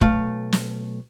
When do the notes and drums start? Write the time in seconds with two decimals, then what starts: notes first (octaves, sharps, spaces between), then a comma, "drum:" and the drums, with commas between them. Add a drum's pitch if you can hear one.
0.01 B1 A3 F5, drum: kick
0.53 drum: snare